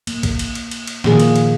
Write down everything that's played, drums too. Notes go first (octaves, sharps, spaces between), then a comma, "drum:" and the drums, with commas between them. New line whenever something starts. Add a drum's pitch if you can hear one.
A#3, drum: cymbal
drum: kick A#1, cymbal
drum: cymbal
drum: cymbal
drum: cymbal
drum: cymbal
A#2 D#3 F3 A#3 G#4, drum: snare
drum: cymbal
drum: cymbal